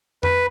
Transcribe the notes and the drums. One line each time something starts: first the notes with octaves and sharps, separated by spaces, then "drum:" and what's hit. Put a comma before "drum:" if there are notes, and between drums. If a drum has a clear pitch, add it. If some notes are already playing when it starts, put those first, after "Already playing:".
B4, drum: tom F2